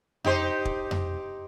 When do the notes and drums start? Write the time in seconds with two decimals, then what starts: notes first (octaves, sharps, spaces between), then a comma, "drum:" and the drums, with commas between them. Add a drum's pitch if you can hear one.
0.24 D#4 G4 C5, drum: tom F2
0.65 drum: kick
0.91 drum: tom F2